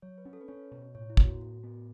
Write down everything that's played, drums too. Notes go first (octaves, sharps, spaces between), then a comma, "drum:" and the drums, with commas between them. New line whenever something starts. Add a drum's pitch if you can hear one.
F#3 C#5
B4
C#4
A4
B4
C#4 C#5
B2
A2 C#5
E4
B3, drum: kick
F#4
A2 F#4
B3